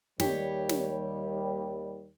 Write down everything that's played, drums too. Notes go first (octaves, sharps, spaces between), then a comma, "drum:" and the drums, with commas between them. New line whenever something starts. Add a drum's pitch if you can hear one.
D#2 G3 G4 C#5, drum: snare
drum: snare